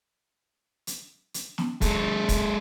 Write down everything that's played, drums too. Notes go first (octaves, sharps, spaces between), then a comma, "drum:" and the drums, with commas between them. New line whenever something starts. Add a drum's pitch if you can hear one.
drum: hi-hat
drum: hi-hat
drum: snare
G#3 A4, drum: kick, hi-hat
drum: kick, hi-hat